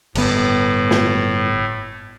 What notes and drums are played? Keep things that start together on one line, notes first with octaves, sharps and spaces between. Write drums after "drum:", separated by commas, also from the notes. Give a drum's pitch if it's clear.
G1 A2 B3, drum: cymbal
drum: snare